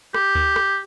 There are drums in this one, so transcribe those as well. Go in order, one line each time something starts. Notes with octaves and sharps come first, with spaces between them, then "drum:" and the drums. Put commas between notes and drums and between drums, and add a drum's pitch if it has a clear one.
G4, drum: rim click
drum: kick D2
drum: rim click